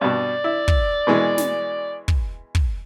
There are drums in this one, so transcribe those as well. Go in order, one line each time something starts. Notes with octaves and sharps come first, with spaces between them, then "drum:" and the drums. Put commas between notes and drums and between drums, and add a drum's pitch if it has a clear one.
G2 B2 D5
E4
drum: kick
B2 E3 G#3
drum: snare
drum: kick
drum: kick